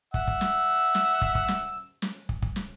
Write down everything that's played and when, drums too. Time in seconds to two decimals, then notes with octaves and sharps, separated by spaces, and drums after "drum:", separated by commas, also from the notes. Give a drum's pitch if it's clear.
0.14 E5 F#5 E6, drum: kick
0.27 drum: kick
0.41 drum: snare
0.95 drum: snare
1.22 drum: kick
1.35 drum: kick
1.48 drum: snare
2.02 drum: snare
2.29 drum: kick
2.42 drum: kick
2.56 drum: snare